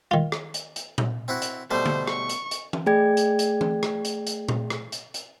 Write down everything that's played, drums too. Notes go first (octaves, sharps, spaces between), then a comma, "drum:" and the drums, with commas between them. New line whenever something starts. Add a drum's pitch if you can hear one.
D#3 F4
drum: rim click
drum: hi-hat
drum: hi-hat
drum: tom A#2
C4 E4 F#4
drum: hi-hat
B2 G3 A3 C5
drum: tom D3
C#6, drum: rim click
drum: hi-hat
drum: hi-hat
drum: tom E3
A3 G#4 D5 G5 G#6
drum: hi-hat
drum: hi-hat
drum: tom E3
drum: rim click
drum: hi-hat
drum: hi-hat
drum: tom A#2
drum: rim click
drum: hi-hat
drum: hi-hat